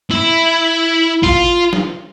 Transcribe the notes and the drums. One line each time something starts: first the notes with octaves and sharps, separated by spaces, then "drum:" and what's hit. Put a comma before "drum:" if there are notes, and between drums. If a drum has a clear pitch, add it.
E4
F4, drum: kick A1
drum: snare